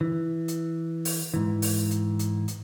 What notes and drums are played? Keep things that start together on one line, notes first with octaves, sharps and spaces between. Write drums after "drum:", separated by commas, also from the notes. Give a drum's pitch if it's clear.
E3
drum: hi-hat
drum: open hi-hat
G#2 E3
drum: open hi-hat
drum: hi-hat
drum: hi-hat
drum: hi-hat